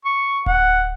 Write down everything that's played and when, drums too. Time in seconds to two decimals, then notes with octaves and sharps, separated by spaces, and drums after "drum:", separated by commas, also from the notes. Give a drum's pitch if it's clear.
0.05 C#6
0.46 F#5, drum: kick D1